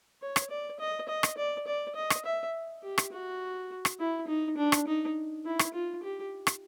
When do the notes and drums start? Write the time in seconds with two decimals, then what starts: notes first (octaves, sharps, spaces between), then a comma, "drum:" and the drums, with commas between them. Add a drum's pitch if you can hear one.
0.22 C#5
0.36 drum: rim click
0.50 D5
0.80 D#5
1.08 D#5
1.23 drum: rim click
1.37 D5
1.67 D5
1.95 D#5
2.10 drum: rim click
2.25 E5
2.83 G4
2.98 drum: rim click
3.12 F#4
3.85 drum: rim click
3.99 E4
4.28 D#4
4.57 D4
4.72 drum: rim click
4.87 D#4
5.45 E4
5.59 drum: rim click
5.73 F4
6.02 G4
6.47 drum: rim click